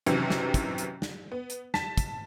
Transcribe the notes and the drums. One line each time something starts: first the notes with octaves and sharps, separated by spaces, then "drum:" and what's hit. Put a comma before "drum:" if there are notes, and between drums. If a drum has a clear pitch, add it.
F#1 F#2 C3 D#3 E3, drum: hi-hat
drum: snare
drum: kick, hi-hat
drum: hi-hat
drum: snare
B3
drum: hi-hat
A5 B6, drum: snare
drum: kick, hi-hat